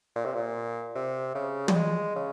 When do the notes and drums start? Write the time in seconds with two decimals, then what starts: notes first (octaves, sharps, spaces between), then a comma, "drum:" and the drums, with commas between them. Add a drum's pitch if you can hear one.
0.16 A#2
0.25 C3
0.34 A#2
0.95 C3
1.35 C#3
1.68 G3, drum: tom
1.75 G#3
2.15 C#3